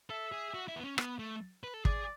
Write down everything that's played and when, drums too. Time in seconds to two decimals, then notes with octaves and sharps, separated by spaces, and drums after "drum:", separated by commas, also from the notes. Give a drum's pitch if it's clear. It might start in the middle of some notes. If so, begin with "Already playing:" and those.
0.10 A4 E5
0.32 G#4
0.54 F#4
0.68 E4
0.76 B3
0.84 C#4
0.98 B3, drum: rim click
1.19 A3
1.64 B4
1.74 A4
1.85 G#4 D5, drum: kick